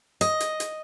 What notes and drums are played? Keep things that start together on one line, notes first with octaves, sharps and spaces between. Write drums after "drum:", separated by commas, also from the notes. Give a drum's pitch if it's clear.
D#5, drum: hi-hat
drum: hi-hat
drum: hi-hat